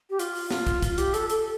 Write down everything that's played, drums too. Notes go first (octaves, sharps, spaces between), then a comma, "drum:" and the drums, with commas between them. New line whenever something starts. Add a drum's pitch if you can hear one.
G4
F4, drum: hi-hat
drum: open hi-hat
F4, drum: snare
drum: kick, hi-hat
F4, drum: kick, hi-hat
G4, drum: hi-hat
A4, drum: hi-hat
A4, drum: hi-hat